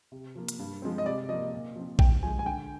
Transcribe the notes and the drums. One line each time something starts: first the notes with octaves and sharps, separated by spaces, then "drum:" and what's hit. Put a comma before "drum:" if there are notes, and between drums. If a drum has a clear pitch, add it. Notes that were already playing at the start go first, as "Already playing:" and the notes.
C3
F3 A#3
drum: hi-hat
G2
F3 G#3 C4
D#5
C3 D5
F3 A#3 D#5
A#2
F3 C4
G2 G5, drum: kick A#1
F3 G#3 G#5
G#5
D3 G5